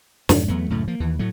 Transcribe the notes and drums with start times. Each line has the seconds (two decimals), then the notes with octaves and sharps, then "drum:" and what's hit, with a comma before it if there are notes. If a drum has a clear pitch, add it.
0.29 F2 G#2 C3 E3, drum: snare
0.48 E2 F#3 A3 B3
0.70 C#2 F#2 A2 A3
0.87 F3 A#3
1.00 D#2 E3
1.19 A2 F#3 A3